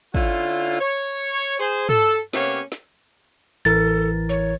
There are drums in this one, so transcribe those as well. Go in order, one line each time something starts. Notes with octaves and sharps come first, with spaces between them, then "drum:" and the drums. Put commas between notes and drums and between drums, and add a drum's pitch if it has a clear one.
D3 C#4 E4 F4, drum: kick
C#5
G#4 C5
A4, drum: tom
C3 A#3 B3 C#4 G4 C#5, drum: snare
drum: snare
A1 E3 A4 A#4 A6
C#5